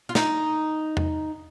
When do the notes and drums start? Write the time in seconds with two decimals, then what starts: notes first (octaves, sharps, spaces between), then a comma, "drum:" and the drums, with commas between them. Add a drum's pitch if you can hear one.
0.09 F4
0.15 D#4, drum: snare
0.97 drum: tom E2